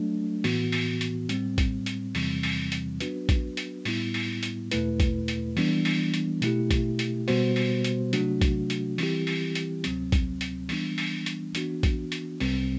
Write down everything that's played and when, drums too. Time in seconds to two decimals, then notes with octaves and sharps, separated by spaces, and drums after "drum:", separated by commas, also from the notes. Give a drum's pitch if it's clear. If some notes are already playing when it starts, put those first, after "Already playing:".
Already playing: F#3 A3 D4
0.44 A2 E3 B3 F#4, drum: open hi-hat
0.72 drum: open hi-hat
1.01 drum: hi-hat
1.29 A2 G3 C4, drum: hi-hat
1.58 drum: kick A#1, hi-hat
1.86 drum: hi-hat
2.15 E2 C3 E3 G3 C4, drum: open hi-hat
2.43 drum: open hi-hat
2.72 drum: hi-hat
3.00 F#3 B3 D4 F#4 B4, drum: hi-hat
3.29 drum: kick A#1, hi-hat
3.57 drum: hi-hat
3.85 A2 G3 B3 E4, drum: open hi-hat
4.14 drum: open hi-hat
4.43 drum: hi-hat
4.71 E2 B2 A3 E4 B4, drum: hi-hat
5.00 drum: kick A#1, hi-hat
5.28 drum: hi-hat
5.57 E3 G3 B3 D4, drum: open hi-hat
5.85 drum: open hi-hat
6.14 drum: hi-hat
6.42 B2 A3 E4 G4, drum: hi-hat
6.71 drum: kick A#1, hi-hat
6.99 drum: hi-hat
7.28 B2 G3 B3 F#4 C5, drum: open hi-hat
7.56 drum: open hi-hat
7.84 drum: hi-hat
8.13 C3 F#3 A3 D4 F#4, drum: hi-hat
8.41 drum: kick A#1, hi-hat
8.70 drum: hi-hat
8.98 E3 G3 C4 E4 G4, drum: open hi-hat
9.27 drum: open hi-hat
9.55 drum: hi-hat
9.84 D2 C3 F#3 C4, drum: hi-hat
10.12 drum: kick A#1, hi-hat
10.41 drum: hi-hat
10.69 E3 G3 B3 D4, drum: open hi-hat
10.98 drum: open hi-hat
11.26 drum: hi-hat
11.55 E3 B3 D4 F#4, drum: hi-hat
11.83 drum: kick A#1, hi-hat
12.12 drum: hi-hat
12.40 C2 C3 G3 C4, drum: open hi-hat